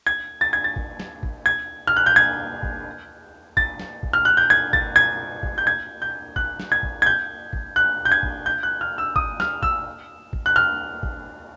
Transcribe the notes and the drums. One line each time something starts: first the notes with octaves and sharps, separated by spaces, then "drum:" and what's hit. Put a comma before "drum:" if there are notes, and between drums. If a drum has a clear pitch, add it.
G#6
A6
G#6
A6
drum: kick
drum: snare
drum: kick
G#6
F6
F#6
G6
G#6
drum: kick
A6, drum: kick
drum: snare
drum: kick
F6
F#6
G6
G#6
A6, drum: kick
G#6
drum: kick
G6
G#6
G6
F#6, drum: kick
drum: snare
G#6
drum: kick
G#6
G6
drum: kick
F#6
G6
G#6
drum: kick
G6
F#6
F6
E6
D#6, drum: kick
F6, drum: snare
E6, drum: kick
drum: kick
F#6
F6
drum: kick